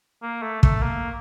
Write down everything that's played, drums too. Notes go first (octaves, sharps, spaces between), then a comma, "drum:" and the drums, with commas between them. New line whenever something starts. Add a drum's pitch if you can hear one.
A#3
A3
A3, drum: kick
A#3